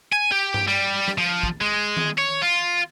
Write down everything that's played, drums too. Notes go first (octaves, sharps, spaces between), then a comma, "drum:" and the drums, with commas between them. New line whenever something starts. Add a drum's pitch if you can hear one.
G#5
G4
drum: tom G2
G3
drum: snare
F3
drum: kick
G#3
drum: tom D#3
C#5
F4